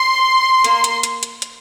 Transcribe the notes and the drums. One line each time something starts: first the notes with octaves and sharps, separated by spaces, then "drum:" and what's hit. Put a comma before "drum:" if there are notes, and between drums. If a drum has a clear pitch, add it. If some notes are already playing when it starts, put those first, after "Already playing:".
Already playing: C6
A#3, drum: hi-hat
drum: hi-hat
drum: hi-hat
drum: hi-hat
drum: hi-hat